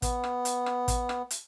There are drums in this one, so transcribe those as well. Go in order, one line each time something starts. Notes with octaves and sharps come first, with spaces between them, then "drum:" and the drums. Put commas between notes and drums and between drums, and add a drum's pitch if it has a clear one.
B3, drum: kick, hi-hat
drum: rim click
drum: hi-hat
drum: rim click
drum: kick, hi-hat
drum: rim click
drum: hi-hat